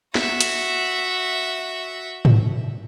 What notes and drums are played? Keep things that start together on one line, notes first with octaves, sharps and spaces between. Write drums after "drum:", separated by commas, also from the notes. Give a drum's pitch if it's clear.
F#4 E5, drum: snare
drum: hi-hat
drum: tom